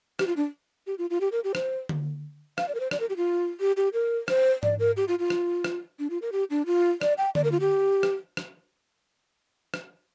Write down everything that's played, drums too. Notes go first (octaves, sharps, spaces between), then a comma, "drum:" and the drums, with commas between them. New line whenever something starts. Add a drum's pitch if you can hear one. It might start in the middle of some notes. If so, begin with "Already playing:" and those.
G4, drum: rim click
F4
D4
G4
F4
F4
G4
A#4
G4
C5, drum: rim click
drum: tom D3
F5, drum: rim click
D5
A#4
C5
D5, drum: rim click
A#4
G4
F4
G4
G4
A#4
C5, drum: rim click
D5, drum: tom G#2
A#4
G4
F4
F4
drum: rim click
drum: rim click
D4
F4
A#4
G4
D4
F4
D5, drum: rim click
G5
D5, drum: tom D3
A#4
F4
G4
drum: rim click
drum: rim click
drum: rim click